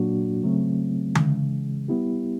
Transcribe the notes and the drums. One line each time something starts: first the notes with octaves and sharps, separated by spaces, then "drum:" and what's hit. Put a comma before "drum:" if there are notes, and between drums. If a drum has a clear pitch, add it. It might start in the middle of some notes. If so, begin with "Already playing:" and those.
Already playing: A#2 F#3 A#3 D4 F#4
C#3 F#3 A3 C4
C#3 E3 G#3, drum: tom D3
G3 B3 E4 G4